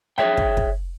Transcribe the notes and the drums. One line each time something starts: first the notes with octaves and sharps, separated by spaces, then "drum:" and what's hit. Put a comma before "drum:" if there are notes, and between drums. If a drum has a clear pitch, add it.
G#4 C#5 E5 G5, drum: rim click
drum: kick
drum: kick